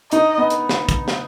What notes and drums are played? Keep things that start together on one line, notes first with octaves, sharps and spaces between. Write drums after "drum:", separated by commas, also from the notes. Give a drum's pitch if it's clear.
D#4 D#5, drum: hi-hat
B3
drum: hi-hat
drum: snare
drum: kick, hi-hat
drum: snare